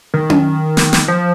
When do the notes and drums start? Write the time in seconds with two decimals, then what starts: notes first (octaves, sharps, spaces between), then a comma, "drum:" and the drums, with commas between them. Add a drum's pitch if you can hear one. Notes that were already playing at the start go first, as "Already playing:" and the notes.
0.14 D#3
0.30 drum: tom C#4
0.77 drum: snare
0.93 drum: snare
1.08 F3